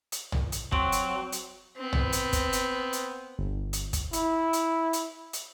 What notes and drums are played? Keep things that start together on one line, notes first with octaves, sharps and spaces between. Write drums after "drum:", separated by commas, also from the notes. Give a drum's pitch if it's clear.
drum: hi-hat
drum: tom
drum: hi-hat
F#3 C4, drum: kick
drum: hi-hat
drum: hi-hat
B3 C4
drum: tom
drum: hi-hat
drum: kick, hi-hat
drum: hi-hat
drum: hi-hat
G1
drum: hi-hat
drum: kick, hi-hat
E4, drum: hi-hat
drum: hi-hat
drum: hi-hat
drum: hi-hat